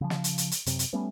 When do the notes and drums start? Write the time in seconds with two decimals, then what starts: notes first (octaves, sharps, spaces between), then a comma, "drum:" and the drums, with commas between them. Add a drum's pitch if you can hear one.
0.01 C#3 F3
0.10 drum: snare
0.24 drum: hi-hat
0.38 drum: hi-hat
0.51 drum: hi-hat
0.66 F#2 C3, drum: hi-hat
0.79 drum: hi-hat
0.93 G3 A3 B3 C#4